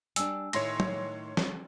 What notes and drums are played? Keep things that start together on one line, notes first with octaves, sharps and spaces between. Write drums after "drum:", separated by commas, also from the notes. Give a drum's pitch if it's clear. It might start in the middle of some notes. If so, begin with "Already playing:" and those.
G3 D4 G#5 E6, drum: hi-hat
A2 D#3 E4 C#5 C6 A#6, drum: cymbal
drum: tom F#3
drum: snare